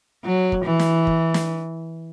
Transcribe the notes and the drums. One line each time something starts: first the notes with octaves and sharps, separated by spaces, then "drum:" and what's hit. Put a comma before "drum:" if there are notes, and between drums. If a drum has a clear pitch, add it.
F#3
drum: kick
E3
drum: snare
drum: kick
drum: snare